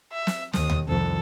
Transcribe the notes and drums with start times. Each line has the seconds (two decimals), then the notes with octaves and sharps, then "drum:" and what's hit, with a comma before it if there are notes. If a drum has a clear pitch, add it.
0.13 E5
0.27 drum: snare
0.53 D#2 D#6, drum: snare
0.70 drum: tom D#2
0.88 C2 F2 D#3 F3 A4